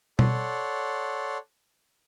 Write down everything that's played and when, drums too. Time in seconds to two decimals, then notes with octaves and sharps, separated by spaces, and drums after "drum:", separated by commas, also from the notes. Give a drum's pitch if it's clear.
0.19 A4 C#5 D5 F#5 C6, drum: tom B2